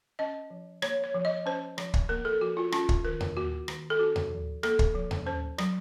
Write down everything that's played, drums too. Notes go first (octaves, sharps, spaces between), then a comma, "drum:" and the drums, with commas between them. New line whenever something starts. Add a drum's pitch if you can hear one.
C#4 D#5
F3
A#3 C#5, drum: rim click
C#5
F3
D#5
C#4 C5
F3, drum: rim click
drum: kick
A#3 A#4
A4
F3 F#4
F4
C#4 F4, drum: rim click
drum: kick
D#3 A#4
drum: tom D#2
A#3 F#4
D#3, drum: rim click
A4
C#4 F#4
drum: tom D#2
F3
A#3 A4, drum: rim click
drum: kick
F3
drum: tom D#2
C#4 C5
F#3, drum: rim click